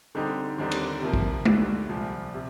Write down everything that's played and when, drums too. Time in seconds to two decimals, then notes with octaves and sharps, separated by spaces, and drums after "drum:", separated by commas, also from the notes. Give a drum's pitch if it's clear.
0.15 D3 G3 C4 D#4 G4
0.58 D#2 D3 G3 C4 D#4
0.71 drum: cymbal
1.02 C3 F3 A#3
1.14 drum: kick
1.45 D2 D3 G3, drum: tom G#3
1.89 C2 A#2 F3
2.34 C3